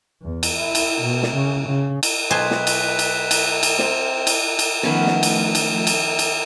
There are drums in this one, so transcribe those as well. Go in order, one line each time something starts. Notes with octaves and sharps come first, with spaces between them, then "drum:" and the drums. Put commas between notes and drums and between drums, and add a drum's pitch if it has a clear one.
E2
drum: cymbal
E4
drum: cymbal
B2
drum: snare
C#3
C#3
drum: cymbal
B1 B4 C5 G#5 A5
drum: snare
drum: cymbal
drum: cymbal
drum: cymbal
drum: cymbal
C4, drum: snare
drum: cymbal
drum: cymbal
D#3 F3 A3 B3 C#4
drum: snare
drum: cymbal
drum: cymbal
drum: cymbal
drum: cymbal